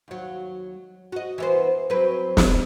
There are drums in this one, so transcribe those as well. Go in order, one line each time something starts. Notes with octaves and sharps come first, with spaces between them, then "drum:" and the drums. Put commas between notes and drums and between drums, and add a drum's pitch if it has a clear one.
D#2 F#3
F#4 D#5
E3 B3 C5
F#3 C4 B4
drum: snare